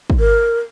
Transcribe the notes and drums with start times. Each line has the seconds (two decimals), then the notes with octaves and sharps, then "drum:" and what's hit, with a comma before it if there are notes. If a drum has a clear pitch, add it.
0.10 drum: kick
0.19 A#4